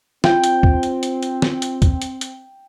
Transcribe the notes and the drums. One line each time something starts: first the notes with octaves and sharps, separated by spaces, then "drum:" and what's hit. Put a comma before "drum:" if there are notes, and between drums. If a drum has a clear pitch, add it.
C4 F4 G5, drum: snare
drum: hi-hat
drum: kick
drum: hi-hat
drum: hi-hat
drum: hi-hat
drum: snare
drum: hi-hat
drum: kick, hi-hat
drum: hi-hat
drum: hi-hat